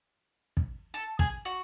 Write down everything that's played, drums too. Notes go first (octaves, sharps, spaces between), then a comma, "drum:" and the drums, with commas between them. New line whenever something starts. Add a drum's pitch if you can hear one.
drum: kick
A4
G#4, drum: kick
F#4